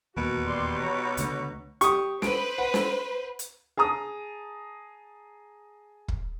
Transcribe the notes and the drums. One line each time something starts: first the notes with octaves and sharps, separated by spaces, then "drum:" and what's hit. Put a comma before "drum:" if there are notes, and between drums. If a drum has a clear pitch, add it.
D#1 E2 B2 A#3 F#4
G4 D5 C6
C#5 A#5
C#2 D3 A3, drum: hi-hat
G4 C#6 D#6, drum: hi-hat
B4 C5 D7, drum: snare
F#5
drum: snare
drum: hi-hat
G#4 A5 A#5 D#6
drum: kick